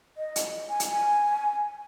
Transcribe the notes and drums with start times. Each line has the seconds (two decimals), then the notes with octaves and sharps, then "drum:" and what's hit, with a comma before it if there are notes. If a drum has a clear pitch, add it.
0.17 D#5
0.36 drum: hi-hat
0.70 G#5
0.80 drum: hi-hat
0.91 G#5